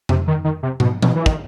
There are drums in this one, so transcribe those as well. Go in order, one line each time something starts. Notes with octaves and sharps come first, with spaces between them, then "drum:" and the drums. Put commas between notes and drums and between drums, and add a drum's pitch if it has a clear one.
C3, drum: tom F2
D#3
D#3
C3
B2, drum: tom
B2, drum: tom E3
E3
D#3, drum: kick